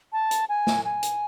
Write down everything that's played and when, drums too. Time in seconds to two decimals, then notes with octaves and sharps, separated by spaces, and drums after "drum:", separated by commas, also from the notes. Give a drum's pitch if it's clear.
0.13 A5
0.31 drum: hi-hat
0.49 G#5
0.67 drum: snare
0.85 G#5
1.03 drum: hi-hat